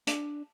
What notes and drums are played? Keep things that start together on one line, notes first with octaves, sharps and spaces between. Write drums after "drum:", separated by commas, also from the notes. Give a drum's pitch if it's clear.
D4, drum: hi-hat